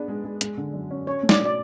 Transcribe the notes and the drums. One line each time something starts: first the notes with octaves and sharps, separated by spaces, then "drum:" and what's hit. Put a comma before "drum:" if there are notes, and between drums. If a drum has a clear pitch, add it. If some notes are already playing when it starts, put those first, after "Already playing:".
Already playing: B3 D4 G#4
G#3
G#3
G#3, drum: hi-hat
D3
F#2
C#4
C#4 C#5
A3
D5, drum: snare
B2
D5